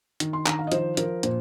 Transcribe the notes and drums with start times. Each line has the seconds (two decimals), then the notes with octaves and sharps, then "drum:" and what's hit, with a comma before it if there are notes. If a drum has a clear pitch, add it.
0.20 D#3, drum: hi-hat
0.33 C6
0.46 D#3 A#5, drum: clap
0.59 F5
0.67 D#5
0.72 F3 C5, drum: hi-hat
0.97 F3 A#4, drum: hi-hat
1.23 A#2 C5, drum: hi-hat